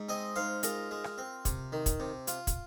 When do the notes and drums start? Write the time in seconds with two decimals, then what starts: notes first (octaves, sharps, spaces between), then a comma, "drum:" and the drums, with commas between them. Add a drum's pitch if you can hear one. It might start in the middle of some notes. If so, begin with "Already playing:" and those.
Already playing: G#2
0.09 C4 D#5 G#5
0.36 G#2 C5 F5
0.63 G#3 F4 A#4, drum: hi-hat
0.91 G#3
1.04 drum: rim click
1.18 C4
1.45 C3, drum: kick, hi-hat
1.72 D#3
1.86 drum: kick, hi-hat
2.00 C3
2.27 F4, drum: hi-hat
2.47 drum: kick, hi-hat